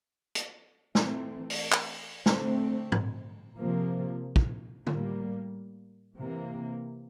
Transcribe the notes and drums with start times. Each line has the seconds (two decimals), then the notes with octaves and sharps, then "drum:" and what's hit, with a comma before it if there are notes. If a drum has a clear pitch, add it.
0.35 drum: hi-hat
0.95 E3 A3 C4, drum: snare
1.50 drum: open hi-hat
1.72 drum: clap
2.26 D3 A3 C4, drum: snare
2.92 drum: tom
3.57 C3 F3 A#3
4.36 drum: kick
4.87 A2 G3 A#3, drum: tom D3
6.17 C3 E3 A#3